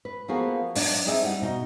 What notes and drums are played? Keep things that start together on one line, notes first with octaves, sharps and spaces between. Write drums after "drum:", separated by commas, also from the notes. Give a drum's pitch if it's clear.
B4
F3 A#3 B3 F#4 G#4 A4
F#3 D4 D#4, drum: open hi-hat
C4 D#4 G#4 D5 E5
G3 D#4 F#5
B2 D#4 F#4